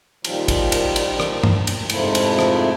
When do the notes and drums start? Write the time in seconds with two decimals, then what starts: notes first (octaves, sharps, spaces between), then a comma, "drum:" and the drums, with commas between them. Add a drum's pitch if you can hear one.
0.24 A#2 D#3 F3 G3, drum: cymbal
0.48 drum: kick, cymbal
0.72 drum: cymbal
0.96 drum: cymbal
1.20 drum: rim click
1.43 drum: tom
1.67 drum: cymbal
1.90 F2 G#2 C3 F3 A3 E4, drum: cymbal
2.15 drum: cymbal
2.39 drum: rim click